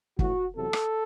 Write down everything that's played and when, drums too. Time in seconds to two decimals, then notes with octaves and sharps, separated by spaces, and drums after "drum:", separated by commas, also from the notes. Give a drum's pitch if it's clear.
0.19 A2 E3 F#4, drum: kick
0.55 E2 C3 F#3 A4
0.73 drum: rim click